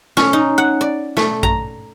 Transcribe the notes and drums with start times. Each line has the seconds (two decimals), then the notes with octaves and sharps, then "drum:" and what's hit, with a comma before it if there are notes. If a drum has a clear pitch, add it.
0.17 C#4, drum: snare
0.33 D#4
0.58 F#5
0.81 D5
1.17 A3, drum: snare
1.43 A#5, drum: kick A#1